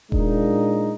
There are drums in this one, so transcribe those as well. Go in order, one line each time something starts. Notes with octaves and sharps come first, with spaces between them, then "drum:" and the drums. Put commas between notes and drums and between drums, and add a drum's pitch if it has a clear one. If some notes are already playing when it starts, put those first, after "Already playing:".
A#2 G#3 A#3 D4 D#4, drum: kick D#1